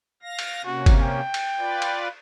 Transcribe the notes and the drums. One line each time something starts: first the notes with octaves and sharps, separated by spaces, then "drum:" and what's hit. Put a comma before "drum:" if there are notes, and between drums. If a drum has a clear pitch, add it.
F5 A#6
drum: cymbal
C3 A#3 C#4 F#4
drum: kick G1, cymbal
G5
drum: cymbal
F4 B4 D5
drum: cymbal